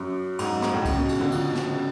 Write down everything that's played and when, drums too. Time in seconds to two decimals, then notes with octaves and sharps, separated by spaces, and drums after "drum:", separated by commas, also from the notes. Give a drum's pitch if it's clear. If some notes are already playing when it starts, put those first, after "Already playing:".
Already playing: F#2
0.39 G#2, drum: cymbal
0.50 F#2
0.62 G#2, drum: snare
0.74 A2
0.85 C#3, drum: kick C2, cymbal
0.97 B2
1.09 C#3, drum: cymbal
1.20 D3
1.32 F3, drum: cymbal
1.55 drum: snare
1.72 C#3